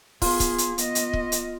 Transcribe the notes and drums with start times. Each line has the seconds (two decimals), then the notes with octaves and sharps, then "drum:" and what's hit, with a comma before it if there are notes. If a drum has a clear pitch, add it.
0.22 B3 F4 G#4, drum: kick, open hi-hat
0.40 drum: kick, hi-hat
0.58 drum: hi-hat
0.78 B3 D#5, drum: hi-hat
0.95 drum: hi-hat
1.13 drum: kick
1.32 drum: hi-hat